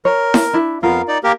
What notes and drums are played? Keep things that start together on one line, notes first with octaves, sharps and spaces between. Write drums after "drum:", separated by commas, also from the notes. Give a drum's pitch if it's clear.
A#4 C#5
drum: snare E4
D4 E4
F2 B3 F4 A#4 F5
D#4 D5
A#3 G4 A#4